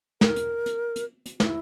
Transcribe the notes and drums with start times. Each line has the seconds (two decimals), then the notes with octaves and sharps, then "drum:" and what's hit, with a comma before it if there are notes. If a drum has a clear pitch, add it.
0.21 A#4, drum: snare
0.36 drum: hi-hat
0.66 drum: hi-hat
0.96 drum: hi-hat
1.26 drum: hi-hat
1.40 E4, drum: snare